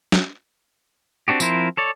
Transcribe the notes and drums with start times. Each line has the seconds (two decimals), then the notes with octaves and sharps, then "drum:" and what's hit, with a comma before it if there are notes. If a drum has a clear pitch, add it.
0.12 drum: snare
1.28 C4 D4 F#4 G4
1.40 F3 C4 E4 A#4 C5, drum: tambourine
1.77 A4 C#5 D5